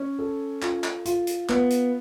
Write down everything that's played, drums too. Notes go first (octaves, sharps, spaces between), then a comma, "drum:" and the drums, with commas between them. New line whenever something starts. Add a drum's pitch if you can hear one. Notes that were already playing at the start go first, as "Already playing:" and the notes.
Already playing: C#4
A4
F4, drum: clap
drum: clap
F4, drum: hi-hat
drum: hi-hat
B3, drum: clap
drum: hi-hat